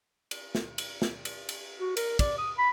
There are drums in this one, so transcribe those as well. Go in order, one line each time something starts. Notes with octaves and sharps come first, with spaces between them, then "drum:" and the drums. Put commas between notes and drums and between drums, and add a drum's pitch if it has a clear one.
drum: cymbal
drum: snare
drum: cymbal
drum: snare
drum: cymbal
drum: cymbal
F#4
A#4, drum: cymbal
D5, drum: kick, cymbal
D#6
B5